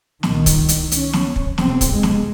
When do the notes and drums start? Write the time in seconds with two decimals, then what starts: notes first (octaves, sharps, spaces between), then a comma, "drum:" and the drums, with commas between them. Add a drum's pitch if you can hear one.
0.23 C2 A#2 D#3, drum: snare
0.46 drum: kick, hi-hat
0.69 drum: hi-hat
0.92 C#4, drum: hi-hat
1.13 drum: snare
1.36 drum: kick
1.58 F2 C3 C4, drum: snare
1.81 drum: kick, hi-hat
1.91 G#3
2.03 drum: snare